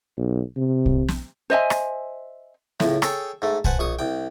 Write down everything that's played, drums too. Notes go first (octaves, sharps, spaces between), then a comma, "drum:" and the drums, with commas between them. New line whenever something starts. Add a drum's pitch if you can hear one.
B1
C3
drum: kick B1
drum: snare
C5 D#5 E5 G#5
drum: rim click
C#2 A2, drum: snare
G#4 A4 C#5 G5 A5, drum: rim click
G#2 A3
B4 C5 F#5 G#5 A5, drum: kick B1
A#1 C#6 D#6
C2 G5